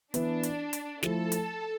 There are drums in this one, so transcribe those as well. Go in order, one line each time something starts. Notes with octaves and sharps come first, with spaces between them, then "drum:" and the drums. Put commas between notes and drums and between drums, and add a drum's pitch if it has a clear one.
E3 B3 D4 E4 B4, drum: hi-hat
drum: hi-hat
drum: hi-hat
F3 A3 E4 A4, drum: snare
drum: hi-hat